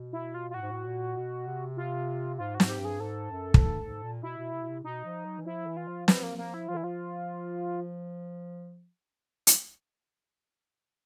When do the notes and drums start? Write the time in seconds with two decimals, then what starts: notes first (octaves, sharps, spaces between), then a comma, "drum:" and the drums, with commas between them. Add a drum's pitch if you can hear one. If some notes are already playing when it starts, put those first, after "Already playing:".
Already playing: B2
0.13 E4
0.34 F4
0.51 F4
0.54 A2 F#4
0.62 G#2
0.71 A2
0.85 A#2
1.16 B2
1.47 C3
1.77 F4
2.38 G#2 F4
2.55 F#4
2.60 G#2, drum: snare
2.69 G4
2.79 G2
2.85 G#4
3.00 G#2 A4
3.31 F#2
3.54 G#2, drum: kick
3.62 G2
3.82 G#2
4.03 A#2
4.22 B2 E4
4.38 B2
4.53 C3
4.61 B2
4.69 C3
4.84 B2 D#4
5.04 F3
5.25 F#3
5.39 E3
5.45 F3 E4
5.66 E3
5.77 F4
5.87 F3
6.08 B3, drum: snare
6.23 A#3
6.38 A#3
6.54 E4
6.68 F3 F4
6.75 E3 E4
6.83 F3 F4
9.47 drum: hi-hat